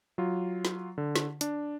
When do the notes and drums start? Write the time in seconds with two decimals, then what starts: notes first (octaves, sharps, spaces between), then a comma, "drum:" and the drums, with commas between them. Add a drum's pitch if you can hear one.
0.18 F#3 F4
0.65 drum: snare
0.98 D3
1.15 drum: snare
1.41 D4, drum: hi-hat